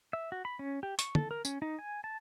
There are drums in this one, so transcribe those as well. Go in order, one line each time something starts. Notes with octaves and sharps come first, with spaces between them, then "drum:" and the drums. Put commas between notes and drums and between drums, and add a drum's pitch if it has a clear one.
E5
F#4
B5
C#4
G4
C#6, drum: hi-hat
A4, drum: tom
A#4
C#4, drum: tambourine
D#4
G#5
A5